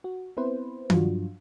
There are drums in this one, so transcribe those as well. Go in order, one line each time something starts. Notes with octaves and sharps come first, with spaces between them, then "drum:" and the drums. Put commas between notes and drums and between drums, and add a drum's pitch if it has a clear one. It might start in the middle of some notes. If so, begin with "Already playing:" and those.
F#4
B3 C4 E4 B4 C5
G2 F3 F#3 D4 F4 F#4, drum: tom D#3